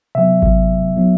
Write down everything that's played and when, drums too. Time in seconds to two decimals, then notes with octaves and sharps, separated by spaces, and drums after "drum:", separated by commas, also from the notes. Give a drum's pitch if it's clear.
0.15 C3 F#3 B3 E5
0.42 drum: kick G#1
0.96 F#3 B3 D#4